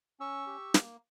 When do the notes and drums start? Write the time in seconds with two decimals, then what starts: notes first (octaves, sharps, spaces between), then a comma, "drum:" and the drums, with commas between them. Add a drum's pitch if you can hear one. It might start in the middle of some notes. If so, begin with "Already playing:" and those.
0.20 C#4 C#6 E6
0.47 G4
0.74 A#3, drum: snare